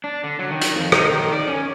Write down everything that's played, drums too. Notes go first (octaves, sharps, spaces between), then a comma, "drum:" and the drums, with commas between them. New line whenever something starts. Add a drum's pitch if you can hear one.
D4
D3
F#3
D#3
drum: hi-hat
F2
D#4, drum: rim click
D#3
D5
C#4